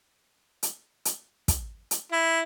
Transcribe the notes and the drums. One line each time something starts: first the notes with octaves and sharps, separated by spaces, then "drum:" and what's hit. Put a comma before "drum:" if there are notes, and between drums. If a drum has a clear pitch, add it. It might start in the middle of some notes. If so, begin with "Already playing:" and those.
drum: hi-hat
drum: hi-hat
drum: kick, hi-hat
drum: hi-hat
E4